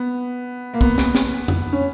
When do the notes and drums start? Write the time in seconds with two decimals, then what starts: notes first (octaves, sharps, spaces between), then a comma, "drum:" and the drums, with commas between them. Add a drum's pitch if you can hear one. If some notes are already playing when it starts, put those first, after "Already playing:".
Already playing: B3
0.74 A#3
0.81 B3, drum: kick
0.98 drum: snare
1.15 drum: snare
1.48 drum: tom F2
1.73 C#4